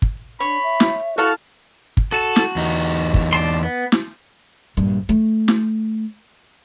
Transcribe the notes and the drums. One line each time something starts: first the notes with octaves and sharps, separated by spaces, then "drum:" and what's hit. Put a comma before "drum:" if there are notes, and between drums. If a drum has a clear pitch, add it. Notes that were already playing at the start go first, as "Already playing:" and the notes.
drum: kick
D4 C#5 B5
E5
drum: snare
E4 F#4 A4 F5 A5
drum: kick
F#4 A4 A5
drum: snare
E2 D#4
drum: kick
D5 A5 C6
B3
drum: snare
A#1 G2
A3
drum: snare